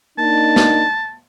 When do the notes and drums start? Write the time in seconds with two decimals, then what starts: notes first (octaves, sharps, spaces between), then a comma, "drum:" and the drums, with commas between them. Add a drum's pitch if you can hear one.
0.19 A#3 D4 D#4 A5
0.56 drum: snare